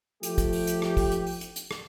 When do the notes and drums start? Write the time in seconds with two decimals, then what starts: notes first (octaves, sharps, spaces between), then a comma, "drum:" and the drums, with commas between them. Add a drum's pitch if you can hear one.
0.23 F3 A3 G4, drum: hi-hat
0.38 drum: kick, hi-hat
0.53 drum: open hi-hat
0.67 drum: hi-hat
0.82 drum: rim click
0.97 drum: kick, open hi-hat
1.12 drum: hi-hat
1.26 drum: open hi-hat
1.41 drum: hi-hat
1.56 drum: hi-hat
1.71 drum: rim click